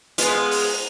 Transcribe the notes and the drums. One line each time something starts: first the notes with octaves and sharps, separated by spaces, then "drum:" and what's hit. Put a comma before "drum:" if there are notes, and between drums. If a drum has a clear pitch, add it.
G#3 B3 F4, drum: hi-hat
drum: open hi-hat